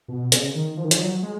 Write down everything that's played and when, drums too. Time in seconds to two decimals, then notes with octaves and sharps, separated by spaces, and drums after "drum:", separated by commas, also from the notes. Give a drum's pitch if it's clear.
0.08 B2
0.32 C#3, drum: hi-hat
0.55 D#3
0.77 F3
0.84 D#3
0.91 F3, drum: hi-hat
1.00 F#3
1.23 G#3